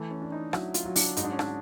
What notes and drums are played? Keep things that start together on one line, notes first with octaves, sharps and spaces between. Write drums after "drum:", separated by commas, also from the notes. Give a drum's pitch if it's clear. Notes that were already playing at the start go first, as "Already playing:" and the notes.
Already playing: E3 A3
C#4
D4
D#4
F#3 E4, drum: rim click
F4, drum: hi-hat
F#3
D4, drum: open hi-hat
G#2 D#4, drum: hi-hat
D4
C#4
D4, drum: rim click